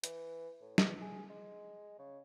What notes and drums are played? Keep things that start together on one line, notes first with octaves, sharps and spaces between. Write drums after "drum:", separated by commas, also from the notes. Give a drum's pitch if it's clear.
E3, drum: hi-hat
A2
E2, drum: snare
G#4
G#3
C#3